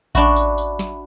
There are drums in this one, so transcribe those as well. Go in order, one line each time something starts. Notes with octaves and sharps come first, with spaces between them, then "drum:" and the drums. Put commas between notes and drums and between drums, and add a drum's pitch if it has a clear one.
D4 F#4 E5 B5, drum: kick A1, tambourine
drum: tambourine
drum: tambourine
drum: snare